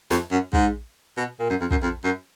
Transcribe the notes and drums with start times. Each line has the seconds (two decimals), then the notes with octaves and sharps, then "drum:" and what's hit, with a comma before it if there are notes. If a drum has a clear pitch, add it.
0.11 F2, drum: snare
0.31 F#2
0.53 G#2, drum: kick
1.17 B2
1.39 A#2
1.50 F#2
1.61 F2
1.71 F#2, drum: kick
1.82 F2
2.04 F#2